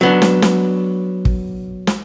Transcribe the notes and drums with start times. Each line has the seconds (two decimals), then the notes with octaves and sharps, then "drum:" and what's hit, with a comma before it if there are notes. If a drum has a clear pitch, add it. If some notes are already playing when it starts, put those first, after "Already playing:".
0.01 F#3 B3 D4
0.22 drum: snare
0.42 drum: snare
1.25 drum: kick
1.87 drum: snare